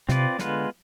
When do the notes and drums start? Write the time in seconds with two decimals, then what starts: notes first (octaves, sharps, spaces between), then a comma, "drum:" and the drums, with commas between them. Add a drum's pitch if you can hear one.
0.09 C3 C4 F4 B4 D5, drum: snare
0.39 D3 G#3 B3 F4 B4, drum: snare